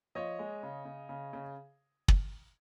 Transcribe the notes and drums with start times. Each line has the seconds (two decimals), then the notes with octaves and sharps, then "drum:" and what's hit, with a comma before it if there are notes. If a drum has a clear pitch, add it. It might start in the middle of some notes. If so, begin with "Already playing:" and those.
0.15 F3 C#5 D#5
0.39 G#3
0.63 C#3
0.85 C#3
1.09 C#3
1.33 C#3
2.08 drum: kick